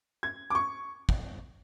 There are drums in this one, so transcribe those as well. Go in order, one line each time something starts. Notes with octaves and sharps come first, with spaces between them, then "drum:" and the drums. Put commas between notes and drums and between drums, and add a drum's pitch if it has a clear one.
G#6
D6
C#6
drum: kick